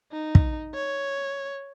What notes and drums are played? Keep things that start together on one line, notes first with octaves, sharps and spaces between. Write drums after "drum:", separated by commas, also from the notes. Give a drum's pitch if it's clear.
D#4
drum: kick
C#5